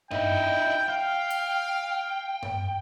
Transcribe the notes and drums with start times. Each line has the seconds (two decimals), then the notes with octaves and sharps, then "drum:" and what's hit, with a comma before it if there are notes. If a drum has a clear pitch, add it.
0.11 D#4 E4 G5, drum: tom G2
0.89 F5 G5
1.30 drum: hi-hat
2.43 drum: tom G2